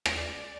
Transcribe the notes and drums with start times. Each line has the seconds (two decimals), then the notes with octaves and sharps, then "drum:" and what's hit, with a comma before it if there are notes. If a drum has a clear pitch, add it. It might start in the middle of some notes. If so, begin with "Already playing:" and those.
0.06 drum: rim click
0.16 D5